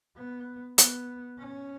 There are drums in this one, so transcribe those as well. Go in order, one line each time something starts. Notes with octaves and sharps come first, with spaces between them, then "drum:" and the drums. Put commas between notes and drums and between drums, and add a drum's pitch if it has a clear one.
B3
B3, drum: hi-hat
C#4